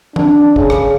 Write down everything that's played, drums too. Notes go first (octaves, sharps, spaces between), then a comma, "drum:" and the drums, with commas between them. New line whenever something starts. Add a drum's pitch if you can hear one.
D4, drum: tom E3
C#3, drum: kick
drum: rim click